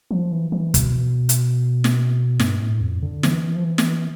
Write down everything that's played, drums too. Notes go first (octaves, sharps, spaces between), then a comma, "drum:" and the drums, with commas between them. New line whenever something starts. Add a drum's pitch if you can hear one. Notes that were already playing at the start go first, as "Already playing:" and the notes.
F3
E3
E3
B2, drum: kick, hi-hat
drum: hi-hat
drum: snare
G2, drum: snare
A2
F2
D3
E3, drum: snare
F3
E3
drum: snare